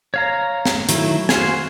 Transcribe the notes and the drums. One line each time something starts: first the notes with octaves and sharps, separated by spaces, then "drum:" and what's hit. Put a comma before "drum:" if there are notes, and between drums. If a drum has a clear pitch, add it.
C#5 F5 A#5
drum: snare
D#3 F#3 A3 E4, drum: hi-hat
F#4 C5 F5 G#5, drum: snare